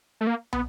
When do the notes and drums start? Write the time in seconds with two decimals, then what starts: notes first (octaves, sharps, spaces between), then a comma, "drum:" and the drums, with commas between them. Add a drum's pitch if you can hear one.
0.21 A3
0.27 A#3
0.53 B3, drum: tom